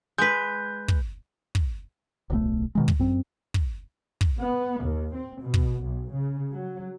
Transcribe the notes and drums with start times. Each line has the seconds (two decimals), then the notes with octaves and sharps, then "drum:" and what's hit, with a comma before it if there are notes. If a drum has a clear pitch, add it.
0.18 G#3 B4 G6
0.88 drum: kick
1.55 drum: kick
2.30 D1 B1 C#3 A3
2.75 B2 D#3 G#3
2.88 drum: kick
2.99 F#2 C4
3.54 drum: kick
4.21 drum: kick
4.41 B3
4.83 D#2
5.14 C4
5.43 B2
5.54 drum: kick
5.83 B1
6.13 C#3
6.53 F#3